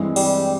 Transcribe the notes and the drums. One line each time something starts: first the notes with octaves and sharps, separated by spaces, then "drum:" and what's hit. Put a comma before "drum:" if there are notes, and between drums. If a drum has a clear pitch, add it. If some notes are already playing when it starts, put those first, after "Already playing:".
Already playing: G2 E3 G#3 C4
G3, drum: open hi-hat